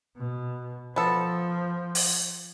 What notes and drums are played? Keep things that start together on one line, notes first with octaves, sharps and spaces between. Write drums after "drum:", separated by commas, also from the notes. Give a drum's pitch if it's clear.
B2
F3 B3 A4
drum: open hi-hat